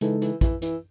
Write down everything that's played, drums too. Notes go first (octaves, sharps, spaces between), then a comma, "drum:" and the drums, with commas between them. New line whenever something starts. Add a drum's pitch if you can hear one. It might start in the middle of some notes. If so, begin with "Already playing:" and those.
C#3 E3 G#3 D#4 A4, drum: hi-hat
E3, drum: hi-hat
E3, drum: kick, hi-hat
E3, drum: hi-hat